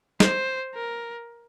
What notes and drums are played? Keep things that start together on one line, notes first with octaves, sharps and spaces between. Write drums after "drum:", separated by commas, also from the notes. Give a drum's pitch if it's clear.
C5, drum: snare
A#4